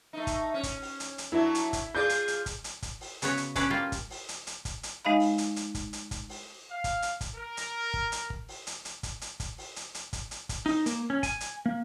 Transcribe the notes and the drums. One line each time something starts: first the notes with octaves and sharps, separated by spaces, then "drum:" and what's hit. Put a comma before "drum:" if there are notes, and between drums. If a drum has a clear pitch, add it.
A3 D#4
drum: kick, hi-hat
C#4
drum: kick, hi-hat
drum: open hi-hat
drum: hi-hat
drum: hi-hat
F#3 A3 D4 E4
drum: hi-hat
drum: kick, hi-hat
F4 G#4 D5 G6
drum: hi-hat
drum: hi-hat
drum: kick, hi-hat
drum: hi-hat
drum: kick, hi-hat
drum: open hi-hat
C#3 B3 F#4 B4 C#5, drum: hi-hat
drum: hi-hat
C#4 D4 A4 B4 C#5 D5, drum: kick, hi-hat
G3 A#3 F4
drum: kick, hi-hat
drum: open hi-hat
drum: hi-hat
drum: hi-hat
drum: kick, hi-hat
drum: hi-hat
G#3 D#4 D#5 F5 B5
drum: open hi-hat
drum: hi-hat
drum: hi-hat
drum: kick, hi-hat
drum: hi-hat
drum: kick, hi-hat
drum: open hi-hat
F5
drum: kick, hi-hat
drum: hi-hat
drum: kick, hi-hat
A#4
drum: hi-hat
drum: kick
drum: hi-hat
drum: kick
drum: open hi-hat
drum: hi-hat
drum: hi-hat
drum: kick, hi-hat
drum: hi-hat
drum: kick, hi-hat
drum: open hi-hat
drum: hi-hat
drum: hi-hat
drum: kick, hi-hat
drum: hi-hat
drum: kick, hi-hat
D#4, drum: open hi-hat
A#3, drum: hi-hat
C#4
G#5, drum: kick, hi-hat
drum: hi-hat
A#3